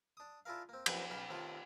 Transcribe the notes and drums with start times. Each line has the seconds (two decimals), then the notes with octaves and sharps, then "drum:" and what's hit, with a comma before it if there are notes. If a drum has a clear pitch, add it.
0.17 D4 D#6
0.46 D4 E4 F4 G#4 A#4 F5
0.69 A#3 C4
0.86 F#2 C3 F3 A#3 G4 B4, drum: cymbal
1.10 B1 C#3 D#4 F5 B5
1.29 A2 C3 D#3 F4 A5